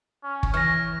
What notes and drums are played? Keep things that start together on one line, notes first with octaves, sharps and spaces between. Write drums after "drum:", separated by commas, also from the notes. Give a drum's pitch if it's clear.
C#4
drum: kick
E3 C#5 F6 A#6